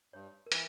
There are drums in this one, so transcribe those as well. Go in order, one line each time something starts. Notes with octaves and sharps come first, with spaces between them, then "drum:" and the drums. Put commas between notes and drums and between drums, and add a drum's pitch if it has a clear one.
G2 C#5
A#4
E3 B4, drum: hi-hat